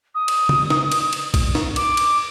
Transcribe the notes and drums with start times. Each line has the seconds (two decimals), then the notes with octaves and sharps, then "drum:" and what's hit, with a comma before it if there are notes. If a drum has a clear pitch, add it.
0.15 D#6
0.28 drum: cymbal
0.49 drum: tom
0.70 drum: snare
0.92 drum: cymbal
1.13 drum: cymbal
1.34 drum: kick B1, cymbal
1.55 drum: snare
1.76 D6, drum: cymbal
1.97 drum: cymbal